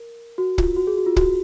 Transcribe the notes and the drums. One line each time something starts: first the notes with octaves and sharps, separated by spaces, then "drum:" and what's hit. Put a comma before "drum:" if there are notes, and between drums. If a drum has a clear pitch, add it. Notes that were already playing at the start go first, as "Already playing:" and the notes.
Already playing: A#4
F#4
F4, drum: kick
F#4
G#4
F#4
F4
F#4, drum: kick